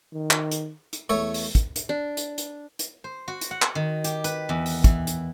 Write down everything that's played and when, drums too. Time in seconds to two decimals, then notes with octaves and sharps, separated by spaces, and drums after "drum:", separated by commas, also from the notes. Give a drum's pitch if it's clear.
0.13 D#3
0.31 drum: clap
0.51 drum: hi-hat
0.93 drum: hi-hat
1.09 E2 A3 A4 C#5
1.34 drum: open hi-hat
1.55 drum: kick, hi-hat
1.76 drum: hi-hat
1.89 D4
2.17 drum: hi-hat
2.38 drum: hi-hat
2.79 drum: hi-hat
3.04 C5
3.28 F#4
3.41 drum: hi-hat
3.51 F#5
3.62 drum: clap
3.75 D#3
4.04 G4, drum: hi-hat
4.24 B4, drum: hi-hat
4.49 E2
4.66 drum: open hi-hat
4.84 E3, drum: kick, hi-hat
5.07 drum: hi-hat